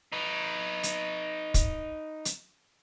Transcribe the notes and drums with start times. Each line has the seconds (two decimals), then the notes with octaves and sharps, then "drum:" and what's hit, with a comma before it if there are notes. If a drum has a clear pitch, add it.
0.12 D#4 B4
0.83 drum: hi-hat
1.54 drum: kick, hi-hat
2.25 drum: hi-hat